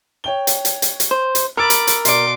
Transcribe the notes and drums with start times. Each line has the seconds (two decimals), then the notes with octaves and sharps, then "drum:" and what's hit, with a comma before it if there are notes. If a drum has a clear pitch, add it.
0.24 C#5 G5 G7
0.47 drum: hi-hat
0.65 drum: hi-hat
0.82 drum: hi-hat
1.00 drum: hi-hat
1.11 C5
1.35 drum: hi-hat
1.57 A#4 B5 D6 E6 A6
1.70 drum: hi-hat
1.87 drum: hi-hat
2.05 B2 D5 C6 D6, drum: hi-hat